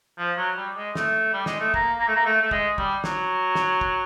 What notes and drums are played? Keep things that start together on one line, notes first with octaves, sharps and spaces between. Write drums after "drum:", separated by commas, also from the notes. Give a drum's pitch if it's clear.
F3
F#3
G3
G#3
A3, drum: snare
G3
G#3, drum: snare
A3
A#3, drum: kick
A#3
A3
A#3
A3
A3
G#3, drum: kick
G3, drum: kick
F#3, drum: snare
drum: snare
drum: kick